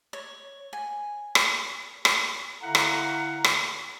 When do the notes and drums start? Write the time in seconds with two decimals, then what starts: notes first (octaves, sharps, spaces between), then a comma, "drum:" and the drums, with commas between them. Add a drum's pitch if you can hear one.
0.13 C#5
0.73 G#5
1.35 drum: rim click
2.05 drum: rim click
2.62 D3 E4 A4 F5 F#5 A#5
2.75 drum: rim click
3.44 drum: rim click